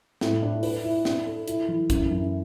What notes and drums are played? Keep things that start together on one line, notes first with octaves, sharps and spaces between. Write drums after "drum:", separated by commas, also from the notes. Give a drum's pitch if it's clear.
A2, drum: snare
D4
B4, drum: open hi-hat
E4
D4, drum: snare
A4
E4, drum: hi-hat
E3
F#2, drum: kick, hi-hat
F#2